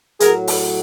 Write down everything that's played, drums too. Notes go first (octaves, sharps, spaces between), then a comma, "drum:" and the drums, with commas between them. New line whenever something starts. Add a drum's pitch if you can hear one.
A2 F#3 G#4 A#4, drum: hi-hat
drum: open hi-hat